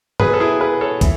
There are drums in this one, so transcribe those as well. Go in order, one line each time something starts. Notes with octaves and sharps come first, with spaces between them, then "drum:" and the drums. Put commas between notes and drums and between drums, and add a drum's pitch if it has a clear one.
B2 F#3 G#4 B4, drum: tom G2
A4
E4 G#4
G#4 B4
A4 C#5
E3, drum: kick, hi-hat